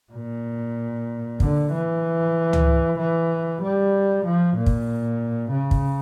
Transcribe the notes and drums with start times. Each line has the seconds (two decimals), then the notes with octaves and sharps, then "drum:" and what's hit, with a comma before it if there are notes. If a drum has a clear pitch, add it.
0.13 A#2
1.40 D3, drum: kick
1.71 E3
2.53 drum: tom C#2
2.98 E3
3.62 G3
4.24 F3
4.56 A#2
4.66 drum: kick
5.51 C#3
5.71 drum: kick